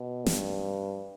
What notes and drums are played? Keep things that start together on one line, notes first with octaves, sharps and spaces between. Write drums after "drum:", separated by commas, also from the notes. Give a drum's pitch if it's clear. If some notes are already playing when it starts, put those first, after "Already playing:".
Already playing: B2
G2, drum: snare